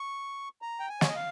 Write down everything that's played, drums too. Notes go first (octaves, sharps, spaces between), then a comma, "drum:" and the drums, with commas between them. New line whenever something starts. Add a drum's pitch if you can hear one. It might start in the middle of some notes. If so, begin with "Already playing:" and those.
Already playing: C#6
A#5
G5
G#5
C#5, drum: snare
D#5
F5